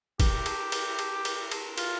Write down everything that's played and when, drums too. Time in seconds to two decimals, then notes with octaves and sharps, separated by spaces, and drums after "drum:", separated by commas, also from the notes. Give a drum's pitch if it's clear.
0.20 G4, drum: kick, cymbal
0.46 drum: cymbal
0.72 drum: cymbal
0.99 drum: cymbal
1.25 drum: cymbal
1.51 drum: cymbal
1.78 F4, drum: cymbal